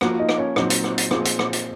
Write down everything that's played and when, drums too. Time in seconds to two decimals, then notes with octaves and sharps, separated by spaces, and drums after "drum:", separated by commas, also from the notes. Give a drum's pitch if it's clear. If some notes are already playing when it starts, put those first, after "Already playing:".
0.01 F3 A#3 F4 F#4 F#5, drum: rim click
0.19 D#4 D#5
0.29 drum: rim click
0.38 C#4 C#5
0.56 A#2 F#3 C4 D#4 D#5, drum: rim click
0.70 drum: hi-hat
0.84 drum: rim click
0.98 drum: hi-hat
1.11 A#2 F3 C4 F4 G#4, drum: rim click
1.25 drum: hi-hat
1.39 drum: rim click
1.53 drum: hi-hat